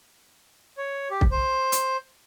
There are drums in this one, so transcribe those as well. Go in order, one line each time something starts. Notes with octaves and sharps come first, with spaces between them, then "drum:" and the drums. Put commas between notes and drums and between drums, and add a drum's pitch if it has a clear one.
C#5
G4
drum: kick
C5
drum: hi-hat